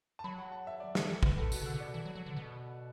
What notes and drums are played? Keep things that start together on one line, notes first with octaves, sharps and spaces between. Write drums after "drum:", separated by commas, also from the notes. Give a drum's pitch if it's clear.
A5
F#3 B5
F#5
A5
E5
D5
A4, drum: snare
F#3
E3 A4
D3 B4, drum: kick
A2 A4
B2 F#4, drum: tambourine
D3 A4
B2
D5
E3
F#3
F#3
D3
B2